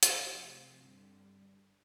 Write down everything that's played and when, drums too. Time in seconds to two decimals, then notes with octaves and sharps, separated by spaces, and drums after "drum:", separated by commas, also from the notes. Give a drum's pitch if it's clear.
0.03 drum: hi-hat
0.22 C3 F3 A3 C4
0.82 G2 D3 G3